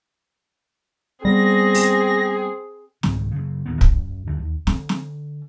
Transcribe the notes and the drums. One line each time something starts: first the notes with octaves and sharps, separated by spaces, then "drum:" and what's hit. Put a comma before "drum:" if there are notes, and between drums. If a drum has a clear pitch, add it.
G3 B3 C4 G#4 A#6
drum: open hi-hat
C2 G#2 B2 D#3, drum: snare
F#2 C#3
D1 D#2 D#3 B3
F#2, drum: kick
D2 G2 E3
D#2
D3, drum: snare
drum: snare